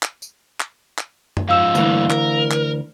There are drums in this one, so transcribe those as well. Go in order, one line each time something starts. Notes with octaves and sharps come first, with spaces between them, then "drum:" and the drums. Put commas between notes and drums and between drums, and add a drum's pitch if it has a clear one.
drum: clap
drum: tambourine
drum: clap
drum: clap
drum: tom F#2
G#2 F3 F5 E6 E7
D2 G2 E3 A#3, drum: tambourine
A#4, drum: clap
drum: clap